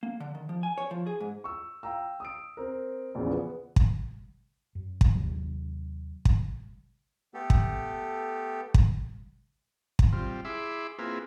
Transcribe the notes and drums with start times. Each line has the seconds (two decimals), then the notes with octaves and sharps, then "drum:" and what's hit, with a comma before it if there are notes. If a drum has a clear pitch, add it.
0.03 A#3
0.20 D3
0.35 D#3
0.49 F3
0.63 G#5
0.78 C#5
0.91 F3
1.07 G#4
1.20 G#2
1.44 C#6 E6
1.83 F5 G5 A#5 E6
2.20 D#6 E6 D7
2.57 C4 A#4
3.15 A#1 E2 A#2 C#3 F3
3.31 B3
3.76 drum: kick
4.75 F#2
5.01 drum: kick
5.15 D#2 C3 F#3
6.25 drum: kick
7.34 A3 B3 G4 A4
7.50 drum: kick
8.74 drum: kick
9.99 drum: kick
10.13 G3 C4 F4
10.45 E4 G#4 E5 B5 C6 D6
10.99 A#3 C4 E4 F4 G#4 B4